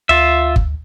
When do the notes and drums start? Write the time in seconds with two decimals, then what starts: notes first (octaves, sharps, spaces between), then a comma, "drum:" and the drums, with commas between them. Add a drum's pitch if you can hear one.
0.09 D2 F4 E5
0.56 drum: kick G1